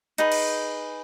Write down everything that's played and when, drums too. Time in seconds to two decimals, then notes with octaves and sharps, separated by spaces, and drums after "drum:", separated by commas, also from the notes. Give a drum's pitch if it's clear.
0.18 D#4 G#4 B4, drum: hi-hat
0.32 drum: cymbal